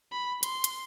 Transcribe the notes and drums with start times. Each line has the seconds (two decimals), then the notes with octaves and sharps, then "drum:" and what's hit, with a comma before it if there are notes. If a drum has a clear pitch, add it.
0.11 B5
0.43 C6, drum: hi-hat
0.64 drum: hi-hat